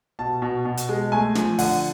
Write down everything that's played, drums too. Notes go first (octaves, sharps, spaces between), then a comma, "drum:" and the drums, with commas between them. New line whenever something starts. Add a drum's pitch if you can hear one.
B2 A5
B2
B2
drum: hi-hat
G#3
A3 G#5
F3, drum: snare
D3 F#5, drum: open hi-hat